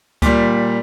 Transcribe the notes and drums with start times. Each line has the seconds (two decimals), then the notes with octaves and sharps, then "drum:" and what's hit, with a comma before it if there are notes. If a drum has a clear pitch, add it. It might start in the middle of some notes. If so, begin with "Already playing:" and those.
0.22 A#2 G3, drum: kick C#2, hi-hat